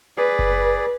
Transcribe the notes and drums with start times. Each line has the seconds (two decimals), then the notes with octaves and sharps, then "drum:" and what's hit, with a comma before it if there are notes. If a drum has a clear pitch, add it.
0.18 G#4 B4 D5
0.39 drum: kick F#1